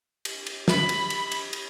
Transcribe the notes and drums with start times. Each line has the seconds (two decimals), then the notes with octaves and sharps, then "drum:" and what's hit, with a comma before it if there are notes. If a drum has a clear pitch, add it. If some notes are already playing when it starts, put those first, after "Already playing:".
0.25 drum: cymbal
0.46 drum: cymbal
0.68 B5, drum: snare
0.89 drum: cymbal
1.10 drum: cymbal
1.32 drum: cymbal
1.53 drum: cymbal